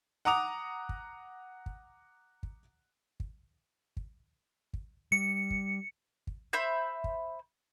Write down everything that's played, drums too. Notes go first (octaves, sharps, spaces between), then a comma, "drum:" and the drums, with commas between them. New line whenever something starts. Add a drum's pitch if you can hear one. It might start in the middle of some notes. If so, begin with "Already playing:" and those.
F#5 A#5 D6 D#6 F7
drum: kick
drum: kick
drum: kick
drum: kick
drum: kick
drum: kick
G3 C#7
drum: kick
drum: kick
C5 E5 B5 G6
drum: kick